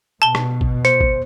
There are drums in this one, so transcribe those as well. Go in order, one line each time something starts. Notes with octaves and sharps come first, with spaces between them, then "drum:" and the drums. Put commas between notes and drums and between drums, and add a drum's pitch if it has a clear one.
B2 A5 G7
drum: rim click
drum: kick
C5 C#7, drum: hi-hat
drum: kick